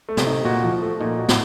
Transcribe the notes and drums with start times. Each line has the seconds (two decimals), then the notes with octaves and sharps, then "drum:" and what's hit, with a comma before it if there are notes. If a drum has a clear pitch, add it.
0.09 A3
0.17 C3, drum: snare
0.27 D#4
0.45 A#2 F#4
0.64 F3
0.82 A3
1.00 A#2 D#4
1.19 F#4
1.29 A2, drum: snare